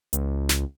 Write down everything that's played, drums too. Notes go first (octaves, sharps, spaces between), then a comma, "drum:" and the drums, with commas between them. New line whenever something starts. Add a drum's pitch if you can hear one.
C#2, drum: hi-hat
drum: snare